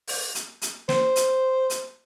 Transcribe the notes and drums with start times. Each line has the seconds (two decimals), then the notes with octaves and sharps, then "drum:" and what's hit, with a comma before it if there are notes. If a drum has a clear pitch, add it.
0.08 drum: open hi-hat
0.35 drum: hi-hat
0.62 drum: hi-hat
0.89 C5, drum: snare
1.16 drum: hi-hat
1.70 drum: hi-hat